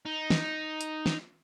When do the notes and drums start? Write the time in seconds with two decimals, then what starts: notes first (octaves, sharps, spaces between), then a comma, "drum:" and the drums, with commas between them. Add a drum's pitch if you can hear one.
0.05 D#4
0.30 drum: snare
0.81 drum: hi-hat
1.06 drum: snare